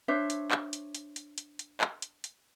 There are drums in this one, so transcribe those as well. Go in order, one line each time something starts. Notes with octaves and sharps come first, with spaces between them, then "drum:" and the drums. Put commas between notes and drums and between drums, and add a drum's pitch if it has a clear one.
D4 C5 C#5 E5
drum: hi-hat
drum: clap
drum: hi-hat
drum: hi-hat
drum: hi-hat
drum: hi-hat
drum: hi-hat
drum: clap
drum: hi-hat
drum: hi-hat